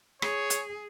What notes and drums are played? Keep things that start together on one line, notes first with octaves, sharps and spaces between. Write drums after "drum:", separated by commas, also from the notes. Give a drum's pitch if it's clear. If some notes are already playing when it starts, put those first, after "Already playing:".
G#4 C#5, drum: rim click
drum: hi-hat